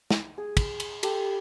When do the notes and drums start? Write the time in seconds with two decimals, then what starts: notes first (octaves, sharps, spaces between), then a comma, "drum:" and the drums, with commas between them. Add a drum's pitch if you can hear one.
0.10 drum: snare
0.38 G#4
0.57 drum: kick, cymbal
0.80 drum: cymbal
1.03 G4 A4, drum: cymbal